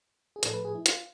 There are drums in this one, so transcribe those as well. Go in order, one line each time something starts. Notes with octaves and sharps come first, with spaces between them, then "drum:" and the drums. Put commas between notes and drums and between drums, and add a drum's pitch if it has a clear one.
G#4
A2 F3 A4, drum: hi-hat
B4
G#4
E4
F4, drum: hi-hat